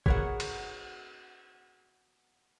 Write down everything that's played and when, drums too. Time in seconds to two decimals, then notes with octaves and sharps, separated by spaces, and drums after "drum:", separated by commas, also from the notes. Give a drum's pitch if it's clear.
0.06 B3 F#4 G#4 A#4 C#5 F#5, drum: kick
0.40 drum: cymbal